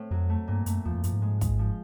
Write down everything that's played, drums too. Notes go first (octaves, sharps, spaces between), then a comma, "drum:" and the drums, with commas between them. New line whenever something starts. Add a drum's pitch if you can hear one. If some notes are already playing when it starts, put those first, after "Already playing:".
Already playing: A2 A3 C4
F2 F#3
A3
G2 A#2
F#2 A3, drum: hi-hat
E2 F3
F2
F#2 F3, drum: hi-hat
G#2
G#3
G#3, drum: kick, hi-hat
F3